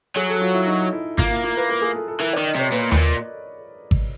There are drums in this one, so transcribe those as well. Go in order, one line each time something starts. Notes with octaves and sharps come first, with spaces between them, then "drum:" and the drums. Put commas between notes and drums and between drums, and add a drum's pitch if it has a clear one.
F#3 G#4
A4
F4
E4
D#4
E4
A#3 F4, drum: kick G#1
E4
F4
B4
A#4
G#4
A4
A4
E3 A#4
D#3 D5
D#5
C3 C#5
A#2 B4
A2, drum: tom D#2
A#2
drum: kick G#1